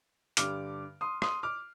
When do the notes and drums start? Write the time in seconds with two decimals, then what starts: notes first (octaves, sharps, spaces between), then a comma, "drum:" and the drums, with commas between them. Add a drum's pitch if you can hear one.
0.37 G2 D3 G3 D6 F6, drum: hi-hat
1.01 C6 D#6
1.22 C6 D#6, drum: rim click
1.43 D6 F6